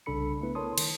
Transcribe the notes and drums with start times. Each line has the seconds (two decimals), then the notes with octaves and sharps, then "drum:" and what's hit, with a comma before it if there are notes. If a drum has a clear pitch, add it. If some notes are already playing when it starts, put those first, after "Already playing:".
0.06 C2 C#3 D4 A4 B5 C#7
0.41 A3 B3 E4 B4
0.55 A#4 C#5 A5 C6 D#6
0.78 D#3, drum: cymbal